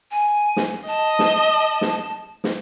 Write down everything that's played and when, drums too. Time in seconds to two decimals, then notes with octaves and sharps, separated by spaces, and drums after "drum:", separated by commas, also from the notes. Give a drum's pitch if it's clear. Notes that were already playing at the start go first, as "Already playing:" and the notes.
0.11 G#5
0.57 drum: snare
0.88 D#5 A5
1.19 drum: snare
1.81 drum: snare
2.44 drum: snare